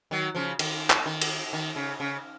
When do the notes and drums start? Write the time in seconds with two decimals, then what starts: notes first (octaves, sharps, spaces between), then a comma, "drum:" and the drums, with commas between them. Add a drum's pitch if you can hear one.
0.11 D#3 F#3
0.35 C#3 F3
0.59 D#3, drum: cymbal
0.90 drum: clap
1.06 D#3
1.22 drum: cymbal
1.53 D#3
1.76 C#3
2.00 C#3